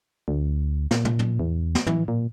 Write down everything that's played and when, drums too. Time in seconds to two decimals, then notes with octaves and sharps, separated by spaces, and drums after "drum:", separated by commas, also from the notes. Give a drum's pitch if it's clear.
0.28 D2
0.91 A#2, drum: snare
1.05 drum: tom
1.19 drum: tom
1.39 E2
1.75 drum: snare
1.87 E3, drum: tom
2.08 A#2